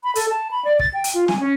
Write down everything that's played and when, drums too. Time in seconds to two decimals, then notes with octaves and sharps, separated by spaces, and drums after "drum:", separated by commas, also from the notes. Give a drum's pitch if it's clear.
0.04 B5
0.15 A4, drum: hi-hat
0.29 A5
0.51 B5
0.65 D5
0.79 A6, drum: kick
0.94 G5
1.04 drum: hi-hat
1.14 F4
1.28 G#5, drum: snare
1.40 C#4